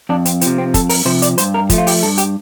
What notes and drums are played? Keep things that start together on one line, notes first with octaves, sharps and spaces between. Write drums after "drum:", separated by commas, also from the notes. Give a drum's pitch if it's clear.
F2 D4
C4, drum: hi-hat
C3 F3 C4, drum: hi-hat
C4
F2 A4, drum: kick, hi-hat
A#4, drum: open hi-hat
C3 F3 C5
D5, drum: hi-hat
G2 C5, drum: hi-hat
A#4
F3 A3, drum: kick, hi-hat
F4
G4, drum: open hi-hat
G2 A4
G4, drum: hi-hat